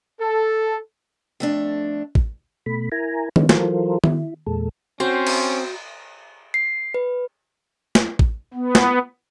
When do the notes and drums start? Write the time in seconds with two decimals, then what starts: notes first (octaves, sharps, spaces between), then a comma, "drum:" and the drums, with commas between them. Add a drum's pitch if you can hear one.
0.20 A4
1.40 F2 A3 D4
2.15 drum: kick A1
2.66 B2 A3 B5
2.92 E4 A#4 G#5 A#5
3.36 D3 G#3 B3 C#4 D#4, drum: tom D#3
3.49 E3 F#3 F4 A4 A#4 C5, drum: snare
4.04 E4, drum: tom D#3
4.47 E2 A#2 G#3 A4
5.00 C4 C#4 F#4 C5
5.27 drum: cymbal
6.54 C7
6.94 B4
7.95 drum: snare
8.19 drum: kick A1
8.54 B3
8.75 drum: snare